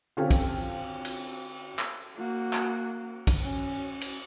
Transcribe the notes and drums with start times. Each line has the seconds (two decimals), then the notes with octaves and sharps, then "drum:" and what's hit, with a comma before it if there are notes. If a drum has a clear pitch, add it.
0.17 D3 C4 C#4 F4 G4 A4
0.31 drum: kick, cymbal
1.05 drum: cymbal
1.79 drum: clap
2.16 A#3 F#4
2.53 drum: clap
3.27 drum: kick, cymbal
3.40 C#4
4.01 drum: cymbal